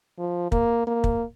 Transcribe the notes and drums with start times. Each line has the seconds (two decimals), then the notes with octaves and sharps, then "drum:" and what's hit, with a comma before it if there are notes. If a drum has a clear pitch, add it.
0.18 F3
0.52 A#3, drum: kick
0.87 A#3
1.04 drum: kick